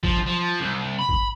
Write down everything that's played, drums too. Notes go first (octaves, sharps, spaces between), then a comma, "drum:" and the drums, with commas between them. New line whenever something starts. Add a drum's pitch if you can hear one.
F3, drum: kick A1
drum: snare
F3
C2
B5
drum: kick A1